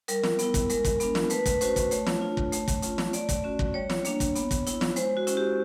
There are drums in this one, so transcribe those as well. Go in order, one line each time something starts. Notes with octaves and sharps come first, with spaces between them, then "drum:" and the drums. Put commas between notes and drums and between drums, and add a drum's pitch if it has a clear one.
G3 A#4, drum: hi-hat
drum: snare
B3 E4, drum: hi-hat
drum: kick, hi-hat
G#3 A#4, drum: hi-hat
drum: kick, hi-hat
B3 D4, drum: hi-hat
drum: snare
A3 B4, drum: hi-hat
drum: kick, hi-hat
C#4 F#4 C5, drum: hi-hat
drum: kick, hi-hat
A3 C#5, drum: hi-hat
drum: snare
D4 F4
drum: kick
A3, drum: hi-hat
drum: kick, hi-hat
C#4 F4, drum: hi-hat
drum: snare
A3 D5, drum: hi-hat
drum: kick, hi-hat
C#4 F#4
drum: kick
G3 C#5
drum: snare
A#3 D4, drum: hi-hat
drum: kick, hi-hat
B3, drum: hi-hat
drum: kick, hi-hat
E4, drum: hi-hat
drum: snare
G#3 C5, drum: hi-hat
F#4
C#4 E4, drum: hi-hat
G4